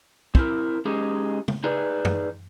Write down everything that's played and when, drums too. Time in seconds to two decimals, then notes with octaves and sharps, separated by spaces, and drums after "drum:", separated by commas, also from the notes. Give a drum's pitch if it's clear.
0.35 C4 E4 A#4, drum: kick
0.85 G#3 C#4 D#4 G4 G#4
1.48 drum: tom
1.64 D#4 G#4 B4 D5
2.05 drum: tom F#2